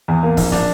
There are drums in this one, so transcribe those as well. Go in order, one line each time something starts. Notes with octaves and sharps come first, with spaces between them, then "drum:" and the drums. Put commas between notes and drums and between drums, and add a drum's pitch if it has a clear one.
E2
A#3
A#1, drum: kick, open hi-hat
D4, drum: snare